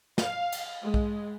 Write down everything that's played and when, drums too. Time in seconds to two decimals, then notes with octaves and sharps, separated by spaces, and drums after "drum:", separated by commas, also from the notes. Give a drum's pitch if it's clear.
0.18 F5, drum: snare
0.52 drum: cymbal
0.83 G#3
0.94 drum: kick B1